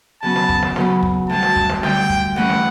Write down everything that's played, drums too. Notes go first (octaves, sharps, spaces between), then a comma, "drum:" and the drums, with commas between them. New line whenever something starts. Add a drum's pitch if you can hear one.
C#3 F#3 B3 A5
drum: snare
drum: kick
drum: snare
C#3 F#3 B3, drum: snare
drum: kick
D2 D3 G3 A5
drum: snare
drum: kick
drum: snare
D2 D3 G3 G5, drum: snare
drum: kick
G2 E3 A3 C#4 F#5
drum: snare